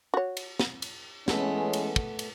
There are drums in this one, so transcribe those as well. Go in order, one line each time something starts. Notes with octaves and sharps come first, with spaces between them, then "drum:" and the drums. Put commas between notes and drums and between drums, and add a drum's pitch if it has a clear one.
F#4 C#5
drum: cymbal
drum: snare
drum: cymbal
E3 G#3 A3 B3 C#4 A4, drum: snare
drum: cymbal
drum: kick
drum: cymbal